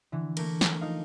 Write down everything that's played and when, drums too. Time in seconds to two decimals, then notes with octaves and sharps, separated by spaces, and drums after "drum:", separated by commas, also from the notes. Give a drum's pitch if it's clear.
0.12 D3 E3
0.37 A3 A#3 A#4, drum: cymbal
0.61 drum: snare
0.81 F3 D#4 F5